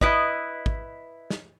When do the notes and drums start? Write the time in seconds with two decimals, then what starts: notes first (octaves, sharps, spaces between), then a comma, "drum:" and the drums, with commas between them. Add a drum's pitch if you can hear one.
0.01 E4 B4 D#5, drum: kick
0.66 drum: kick
1.30 drum: snare